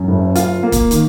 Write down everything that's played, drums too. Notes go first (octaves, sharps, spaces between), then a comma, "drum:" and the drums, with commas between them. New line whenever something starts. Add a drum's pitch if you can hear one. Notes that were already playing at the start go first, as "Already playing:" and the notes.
Already playing: F#2
F#1
F4, drum: hi-hat
A#3
drum: kick, hi-hat
D#3, drum: hi-hat